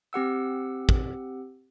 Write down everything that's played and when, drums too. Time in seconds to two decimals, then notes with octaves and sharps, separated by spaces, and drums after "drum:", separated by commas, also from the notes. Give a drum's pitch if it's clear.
0.13 C4 G4 F#5 E6
0.89 drum: kick